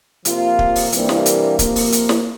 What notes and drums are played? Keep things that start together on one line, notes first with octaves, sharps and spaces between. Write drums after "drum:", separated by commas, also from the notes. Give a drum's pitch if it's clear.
C3 F3 A#3 F4, drum: hi-hat
drum: kick
drum: open hi-hat
C3 E3 G3 A#3 D4, drum: hi-hat
drum: snare
drum: hi-hat
C3 F3 A#3, drum: kick, hi-hat
drum: open hi-hat
drum: hi-hat
drum: snare